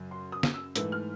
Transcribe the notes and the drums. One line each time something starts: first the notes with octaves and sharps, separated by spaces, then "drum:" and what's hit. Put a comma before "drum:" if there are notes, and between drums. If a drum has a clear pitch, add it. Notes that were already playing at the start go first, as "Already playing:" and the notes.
Already playing: F#2 C#3 F#3
C6
D#6
drum: snare
E6
G#2 E3 A3 E6, drum: hi-hat
F6